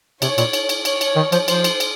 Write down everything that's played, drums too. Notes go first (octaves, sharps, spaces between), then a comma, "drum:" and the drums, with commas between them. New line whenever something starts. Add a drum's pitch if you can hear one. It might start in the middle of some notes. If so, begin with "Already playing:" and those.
C3 C#5, drum: cymbal
A#2, drum: cymbal
drum: cymbal
drum: cymbal
C#5, drum: cymbal
drum: cymbal
D#3
F3, drum: cymbal
F3 C5, drum: cymbal
drum: cymbal
drum: cymbal